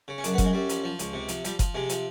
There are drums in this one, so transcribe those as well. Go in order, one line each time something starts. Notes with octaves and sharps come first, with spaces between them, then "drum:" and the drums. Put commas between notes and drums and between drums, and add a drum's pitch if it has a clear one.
C#3
C#4
F#2 D4, drum: hi-hat
B3
F#2, drum: kick F#1, hi-hat
G#3
F#2 G3
F3, drum: hi-hat
F3
C#2, drum: hi-hat
C3
F3, drum: hi-hat
F3 G3, drum: hi-hat
F3, drum: kick F#1, hi-hat
C3 G#3
F3, drum: hi-hat